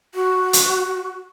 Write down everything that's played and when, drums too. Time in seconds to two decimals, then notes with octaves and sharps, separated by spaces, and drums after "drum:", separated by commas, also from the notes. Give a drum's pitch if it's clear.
0.14 F#4
0.53 drum: hi-hat